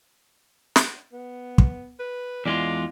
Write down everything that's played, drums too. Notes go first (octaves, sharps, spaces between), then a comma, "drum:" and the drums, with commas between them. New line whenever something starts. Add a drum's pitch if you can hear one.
drum: snare
B3
drum: kick
B4
E2 G#3 F4 D5